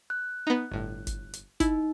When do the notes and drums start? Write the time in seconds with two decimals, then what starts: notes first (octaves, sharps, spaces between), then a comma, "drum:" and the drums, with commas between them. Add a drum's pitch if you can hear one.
0.10 F#6
0.47 B3 D#4
0.72 G1 A2
1.07 drum: kick, hi-hat
1.33 drum: hi-hat
1.60 D#4 E4, drum: kick, hi-hat